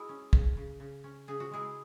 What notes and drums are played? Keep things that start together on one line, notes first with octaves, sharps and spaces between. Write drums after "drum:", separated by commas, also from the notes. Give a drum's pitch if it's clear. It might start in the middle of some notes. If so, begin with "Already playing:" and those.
Already playing: G#3 E4 F#4 G#4
C#4
C#3, drum: kick
C#3
C#3
C#4
C#3 G#4
F#4
G#3 E4 G#4